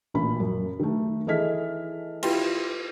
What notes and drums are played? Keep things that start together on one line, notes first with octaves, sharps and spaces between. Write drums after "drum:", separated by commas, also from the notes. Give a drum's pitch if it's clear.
A1 A#2 B5
F#2
D#3 A3
E3 G#4 A4 D#5 F6 B6
E4 F4 G4 B4 G5 C6, drum: cymbal